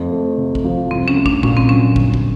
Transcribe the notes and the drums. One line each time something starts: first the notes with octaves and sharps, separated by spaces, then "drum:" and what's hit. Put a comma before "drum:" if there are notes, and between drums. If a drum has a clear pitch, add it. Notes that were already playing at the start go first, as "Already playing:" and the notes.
Already playing: F2 A3
A3
C3
drum: kick
F3
C2 C4
C#4
A3
D4, drum: kick
A#2 C#4, drum: kick
C4
F#3 C#4
G1, drum: kick
drum: kick